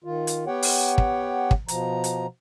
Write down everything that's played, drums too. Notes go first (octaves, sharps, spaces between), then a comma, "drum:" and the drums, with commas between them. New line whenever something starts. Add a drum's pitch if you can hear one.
D#3 F4
drum: hi-hat
B3 G4 C#5 F#5 G5
drum: open hi-hat
drum: kick
drum: kick
B2 F3 A#5, drum: hi-hat
drum: hi-hat